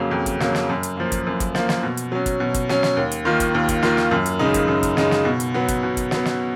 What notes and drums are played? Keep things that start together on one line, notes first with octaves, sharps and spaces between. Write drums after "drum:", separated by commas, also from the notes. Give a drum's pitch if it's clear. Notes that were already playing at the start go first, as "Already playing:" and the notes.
Already playing: F2 C#3 F#3 A#3
F2
drum: kick, hi-hat
C#3 F#3 A#3, drum: snare
drum: snare
F#2
drum: hi-hat
F3 A#3
drum: kick, hi-hat
F#2
drum: kick, hi-hat
F3 A#3, drum: snare
drum: snare
B2
drum: hi-hat
F#3 C#4
drum: kick, hi-hat
B2
drum: kick, hi-hat
F#3 C#4, drum: snare
drum: snare
D#2
drum: hi-hat
D#3 A#3 F4
drum: kick, hi-hat
D#2
drum: kick, hi-hat
D#3 A#3 F4, drum: snare
drum: snare
F#2
drum: hi-hat
C#3 G#3 D#4
drum: kick, hi-hat
F#2
drum: kick, hi-hat
C#3 G#3 D#4, drum: snare
drum: snare
B2
drum: hi-hat
F#3 B3
drum: kick, hi-hat
B2
drum: kick, hi-hat
F#3 B3, drum: snare
drum: snare